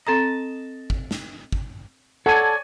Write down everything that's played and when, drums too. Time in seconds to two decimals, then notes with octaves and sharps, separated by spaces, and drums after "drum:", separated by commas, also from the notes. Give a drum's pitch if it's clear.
0.07 C4 A4 D#5 A5 A#5
0.90 drum: kick
1.11 drum: snare
1.52 drum: kick
2.26 A4 C#5 D5 F#5 G#5 A5 D#7